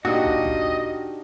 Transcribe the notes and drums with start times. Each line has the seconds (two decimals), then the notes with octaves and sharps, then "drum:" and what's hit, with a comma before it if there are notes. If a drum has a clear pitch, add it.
0.05 A#2 D4 D#4 F#4 G4 D#5
0.25 drum: kick
0.45 drum: kick